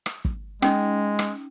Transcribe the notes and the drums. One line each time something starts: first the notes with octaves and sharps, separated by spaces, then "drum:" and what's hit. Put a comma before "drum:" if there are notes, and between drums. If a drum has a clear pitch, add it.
drum: rim click
drum: kick
G#3 C#4 D#4, drum: rim click
drum: rim click